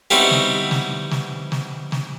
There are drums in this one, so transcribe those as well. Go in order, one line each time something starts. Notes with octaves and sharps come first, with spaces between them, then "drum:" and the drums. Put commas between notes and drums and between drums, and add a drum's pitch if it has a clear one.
G3 B3 C4 D#4 E4 F#4
drum: snare
drum: snare
drum: snare
drum: snare
drum: snare